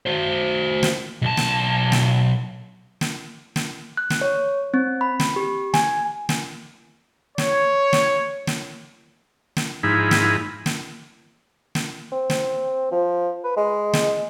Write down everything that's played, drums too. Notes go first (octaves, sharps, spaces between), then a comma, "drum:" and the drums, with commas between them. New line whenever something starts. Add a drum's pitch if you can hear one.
F#4 C5
drum: snare
B1 A5
drum: snare
drum: snare
drum: snare
drum: snare
F#6
drum: snare
C#5
C4
B5
drum: snare
G4
G#5, drum: snare
drum: snare
C#5, drum: snare
drum: snare
drum: snare
drum: snare
G#2 F3 D#4 E4 G#4 B5
drum: snare
drum: snare
drum: snare
C4
drum: snare
F3
B4
G#3
drum: snare